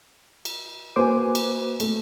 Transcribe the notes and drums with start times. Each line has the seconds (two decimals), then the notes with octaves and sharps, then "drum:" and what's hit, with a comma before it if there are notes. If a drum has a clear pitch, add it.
0.45 drum: cymbal
0.96 A#3 F#4 B4 C5 G#5 D6
1.35 drum: cymbal
1.80 A3, drum: cymbal